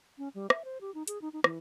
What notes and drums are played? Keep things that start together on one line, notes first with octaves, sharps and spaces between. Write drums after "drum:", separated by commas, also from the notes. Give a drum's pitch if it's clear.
C#4
G3
E5, drum: rim click
C5
G4
D#4
G#4, drum: hi-hat
D#4
D#4
E3, drum: rim click